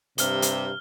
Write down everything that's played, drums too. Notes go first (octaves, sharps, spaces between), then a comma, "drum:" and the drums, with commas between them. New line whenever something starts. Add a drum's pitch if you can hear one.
G2 C3 F6 G7, drum: hi-hat
drum: hi-hat